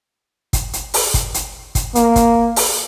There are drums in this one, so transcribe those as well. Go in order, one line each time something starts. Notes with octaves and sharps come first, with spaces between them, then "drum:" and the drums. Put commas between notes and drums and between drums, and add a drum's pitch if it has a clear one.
drum: kick, hi-hat
drum: hi-hat
drum: open hi-hat
drum: kick, hi-hat
drum: hi-hat
drum: kick, hi-hat
A#3, drum: hi-hat
drum: kick, hi-hat
drum: open hi-hat